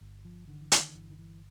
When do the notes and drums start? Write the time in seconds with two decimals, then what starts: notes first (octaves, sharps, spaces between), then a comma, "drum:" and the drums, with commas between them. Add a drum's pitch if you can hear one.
0.01 G1
0.25 F3
0.48 D3 D#3
0.61 E3
0.72 D#3, drum: hi-hat
0.95 G1 E3
1.10 D#3
1.19 E3